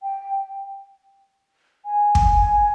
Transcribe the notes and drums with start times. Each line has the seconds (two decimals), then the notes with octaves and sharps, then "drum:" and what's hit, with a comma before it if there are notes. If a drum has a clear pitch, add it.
0.03 G5
1.85 G#5
2.15 drum: kick